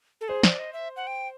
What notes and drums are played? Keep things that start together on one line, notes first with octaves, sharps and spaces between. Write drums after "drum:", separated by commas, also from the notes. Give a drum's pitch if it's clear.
A4
G#4 C5
D5, drum: snare
D#5
E5
F#5
G5